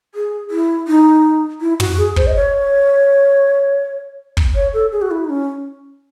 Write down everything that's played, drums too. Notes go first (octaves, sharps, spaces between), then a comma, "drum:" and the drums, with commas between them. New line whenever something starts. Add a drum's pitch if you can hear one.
G#4
E4
D#4
E4
F#4, drum: tom
G#4
C5, drum: kick
D#5
C#5
drum: kick
C#5
A4
G#4
F#4
E4
D#4
C#4